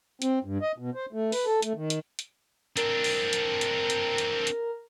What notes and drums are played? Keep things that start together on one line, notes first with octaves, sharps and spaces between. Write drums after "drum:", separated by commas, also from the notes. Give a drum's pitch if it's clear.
C4, drum: hi-hat
G2
D#5
B2
C5
A3
B4, drum: open hi-hat
A4
A3, drum: hi-hat
D#3
drum: hi-hat
drum: hi-hat
C4 D4 A#4, drum: hi-hat
drum: open hi-hat
drum: hi-hat
drum: hi-hat
drum: hi-hat
drum: hi-hat
drum: hi-hat